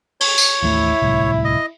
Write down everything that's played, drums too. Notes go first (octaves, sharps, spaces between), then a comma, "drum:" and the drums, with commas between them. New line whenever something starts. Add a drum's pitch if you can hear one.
C#5, drum: open hi-hat
drum: tambourine
A1 D#2 A3 E4
D1 C2 A2
D#5